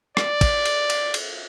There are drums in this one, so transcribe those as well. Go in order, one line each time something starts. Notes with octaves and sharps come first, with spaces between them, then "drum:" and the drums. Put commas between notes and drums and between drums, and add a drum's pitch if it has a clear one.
D5, drum: rim click
drum: kick, cymbal
drum: cymbal
drum: cymbal
drum: cymbal